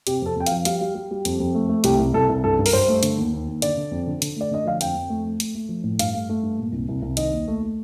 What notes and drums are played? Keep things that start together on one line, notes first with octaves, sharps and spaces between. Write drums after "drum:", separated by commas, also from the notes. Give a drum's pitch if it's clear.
C3 G4, drum: hi-hat
F2 A4
F2 G5
F5, drum: hi-hat
F3
G3 F5, drum: hi-hat
G3
G3
G3
F2, drum: hi-hat
F2
A3
A3
C2 G4, drum: hi-hat
C2
C2 A4
C2
G2 A4
G2
A#4, drum: open hi-hat
G2 C5
A3
D3, drum: hi-hat
D#2
D#2
D#2
D3 D5, drum: hi-hat
D3
F2
D3
D3, drum: hi-hat
A3 D5
D3 D#5
F3 F5
F2 G5, drum: hi-hat
F2
A3
A3
A3, drum: hi-hat
A3
F3
A2
G2 F5, drum: hi-hat
A3
A3
G2
A#2
C2
C2
C2
D#3 D#5, drum: hi-hat
D#2
A3
A3